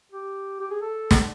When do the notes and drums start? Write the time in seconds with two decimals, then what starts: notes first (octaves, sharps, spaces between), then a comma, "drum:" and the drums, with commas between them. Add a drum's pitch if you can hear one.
0.12 G4
0.60 G4
0.71 G#4
0.81 A4
1.11 drum: snare